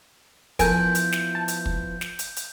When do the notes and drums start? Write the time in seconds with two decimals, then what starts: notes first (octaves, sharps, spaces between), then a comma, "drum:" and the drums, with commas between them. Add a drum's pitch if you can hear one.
0.59 F3 B3 E4 A4 A#4 G#5 G6 D7, drum: kick, hi-hat
0.95 drum: hi-hat
1.12 drum: snare
1.35 A5
1.48 drum: hi-hat
1.66 drum: kick
2.01 drum: snare
2.19 drum: hi-hat
2.36 drum: hi-hat